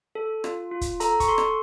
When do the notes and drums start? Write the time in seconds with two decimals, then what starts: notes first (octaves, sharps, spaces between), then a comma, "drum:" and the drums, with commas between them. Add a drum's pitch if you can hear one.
0.15 A4
0.44 F4, drum: rim click
0.71 F4
0.81 drum: kick, hi-hat
1.00 A4 A#5, drum: hi-hat
1.20 C#6, drum: kick, hi-hat
1.28 A4 C6
1.38 drum: rim click